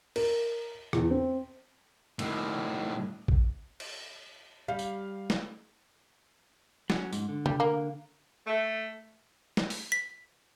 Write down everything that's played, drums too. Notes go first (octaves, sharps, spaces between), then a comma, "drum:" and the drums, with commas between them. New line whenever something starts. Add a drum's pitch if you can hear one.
A#4, drum: cymbal
E2, drum: rim click
C4
A2 D#3, drum: cymbal
drum: kick A#1
drum: cymbal
G3 F5
drum: tambourine
drum: snare
F#3 C#4, drum: snare
G#2, drum: tambourine
D3
G3, drum: tom C3
A#3
A3
drum: snare
drum: open hi-hat
B6